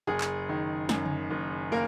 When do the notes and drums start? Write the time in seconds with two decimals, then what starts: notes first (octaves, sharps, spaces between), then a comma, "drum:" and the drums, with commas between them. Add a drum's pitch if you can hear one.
0.07 F#1 G#4
0.21 drum: clap
0.49 D#3
0.89 F#2, drum: snare
1.06 drum: tom C#3
1.30 F#1
1.72 A#3 A#4